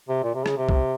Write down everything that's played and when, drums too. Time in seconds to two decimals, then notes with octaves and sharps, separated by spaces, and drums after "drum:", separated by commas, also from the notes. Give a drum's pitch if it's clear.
0.09 C3
0.23 A#2
0.35 C3
0.46 C#3, drum: rim click
0.57 C3
0.69 drum: kick